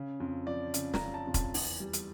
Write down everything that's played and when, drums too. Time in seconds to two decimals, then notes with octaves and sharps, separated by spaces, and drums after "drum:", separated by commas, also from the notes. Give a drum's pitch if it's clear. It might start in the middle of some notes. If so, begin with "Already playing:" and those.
Already playing: C#3
0.20 F2
0.47 F3 D5
0.74 C#3, drum: hi-hat
0.94 A#5, drum: snare
1.00 C#3
1.14 A5
1.27 F2
1.34 A5, drum: kick, hi-hat
1.54 E2, drum: open hi-hat
1.80 G3
1.93 drum: hi-hat